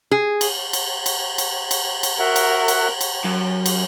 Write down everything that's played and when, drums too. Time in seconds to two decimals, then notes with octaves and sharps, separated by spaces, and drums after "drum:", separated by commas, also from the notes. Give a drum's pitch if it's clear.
0.11 G#4
0.41 drum: cymbal
0.73 drum: cymbal
1.06 drum: cymbal
1.38 drum: cymbal
1.71 drum: cymbal
2.03 drum: cymbal
2.19 F#4 A#4 E5 F#5
2.36 drum: cymbal
2.68 drum: cymbal
3.01 drum: cymbal
3.24 F#2
3.66 drum: cymbal